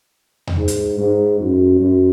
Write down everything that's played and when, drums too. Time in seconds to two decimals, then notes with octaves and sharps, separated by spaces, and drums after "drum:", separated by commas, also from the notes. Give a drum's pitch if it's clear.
0.47 drum: tom E2
0.57 G#2
0.68 drum: hi-hat
0.99 G#2
1.40 F#2
1.80 F#2